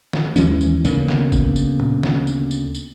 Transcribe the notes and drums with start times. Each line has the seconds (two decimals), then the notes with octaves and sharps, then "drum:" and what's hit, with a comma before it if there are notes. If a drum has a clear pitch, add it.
0.13 drum: snare
0.36 D#2 E3 G#3 C#4, drum: tambourine
0.61 drum: tambourine
0.85 D2 C#3 A#3 B3, drum: tambourine
1.08 drum: snare
1.32 drum: kick, tambourine
1.56 drum: tambourine
1.80 drum: tom A#2
2.03 drum: snare
2.27 drum: tambourine
2.51 drum: tambourine
2.75 drum: tambourine